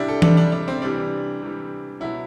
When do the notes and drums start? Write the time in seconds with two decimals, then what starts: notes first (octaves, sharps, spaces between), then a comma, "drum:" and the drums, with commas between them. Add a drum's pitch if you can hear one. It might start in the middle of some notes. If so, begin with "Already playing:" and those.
Already playing: C3 G3 D4 E4 G4
0.08 A4
0.22 C3 G3 D4, drum: tom E3
0.37 D4
0.52 D4
0.68 C4
0.82 C3 E3 G3 D4
1.42 C3 E3 G3
2.00 B2 F#3 E4